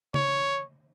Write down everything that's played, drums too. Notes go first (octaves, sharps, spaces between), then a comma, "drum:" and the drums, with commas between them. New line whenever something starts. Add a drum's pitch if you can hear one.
C#5, drum: tom C#3